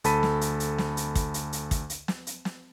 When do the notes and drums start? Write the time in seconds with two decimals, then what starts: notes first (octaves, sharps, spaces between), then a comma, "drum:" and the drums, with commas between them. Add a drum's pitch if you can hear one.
0.04 D2 A4 A5 B5 B6 D#7, drum: hi-hat
0.23 drum: snare
0.41 drum: hi-hat
0.60 drum: hi-hat
0.78 drum: snare
0.97 drum: hi-hat
1.15 drum: kick, hi-hat
1.34 drum: hi-hat
1.53 drum: hi-hat
1.71 drum: kick, hi-hat
1.90 drum: hi-hat
2.08 drum: snare
2.27 drum: hi-hat
2.45 drum: snare